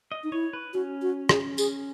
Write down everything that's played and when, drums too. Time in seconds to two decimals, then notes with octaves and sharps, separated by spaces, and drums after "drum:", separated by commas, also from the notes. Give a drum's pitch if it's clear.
0.12 D#5
0.24 D#4
0.32 E4 C#5
0.53 B4
0.74 C#4 F#4
1.02 F#4
1.29 G#4, drum: rim click
1.58 G#4, drum: tambourine